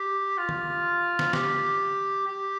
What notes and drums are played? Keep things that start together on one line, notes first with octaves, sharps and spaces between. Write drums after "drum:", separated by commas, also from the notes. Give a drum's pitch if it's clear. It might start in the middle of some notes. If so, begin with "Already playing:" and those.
Already playing: G4
F4
drum: tom
drum: snare
G4, drum: snare
G4